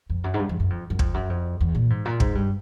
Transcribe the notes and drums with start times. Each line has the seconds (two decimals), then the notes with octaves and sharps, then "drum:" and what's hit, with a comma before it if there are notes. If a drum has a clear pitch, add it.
0.10 F2
0.24 F#2
0.34 G#2
0.39 G2
0.49 F2
0.60 F#2
0.70 F2
0.90 F#2
0.99 F2, drum: kick
1.14 F#2
1.29 F2
1.61 E2
1.75 A#2
1.90 G#2
2.05 A#2
2.20 G#2, drum: kick
2.35 G2